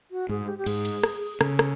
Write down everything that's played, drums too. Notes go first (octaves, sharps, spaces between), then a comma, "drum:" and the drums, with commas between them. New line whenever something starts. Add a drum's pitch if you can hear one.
F#4
G#2 G#4
G4
G4
G#2 G#4, drum: cymbal
drum: cymbal
drum: rim click
C#3 A4, drum: rim click
drum: rim click